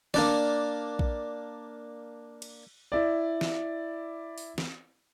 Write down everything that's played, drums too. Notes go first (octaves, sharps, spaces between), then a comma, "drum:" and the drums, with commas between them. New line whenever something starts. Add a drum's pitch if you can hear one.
A#3 D4 D5, drum: snare
drum: kick A#1
drum: cymbal
E4 D5
drum: snare
drum: open hi-hat
drum: snare